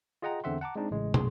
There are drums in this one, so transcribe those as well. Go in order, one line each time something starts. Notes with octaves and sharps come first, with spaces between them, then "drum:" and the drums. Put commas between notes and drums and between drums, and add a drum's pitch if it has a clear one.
F4 G#4 D#5 F#5 G5 A#5
E2 D3 C4 E5 F#5 C6
F#5 A5 A#5 D6
G#3 C4 D4 D#4
A1 A2 C#3 G#3
B1 F#2 G#4 C6, drum: tom